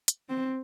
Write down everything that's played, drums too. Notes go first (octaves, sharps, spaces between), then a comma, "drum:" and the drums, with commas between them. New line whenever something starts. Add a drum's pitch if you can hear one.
drum: hi-hat
C4